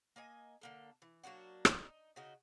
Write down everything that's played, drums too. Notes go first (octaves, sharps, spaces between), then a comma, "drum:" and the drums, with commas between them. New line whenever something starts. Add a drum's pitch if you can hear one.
A#3 D#5 G#5
D3 A#3 A4
E3
F#3 A#3 D4 F#4
drum: rim click
D#4
C#3 D#4 F#4 D#5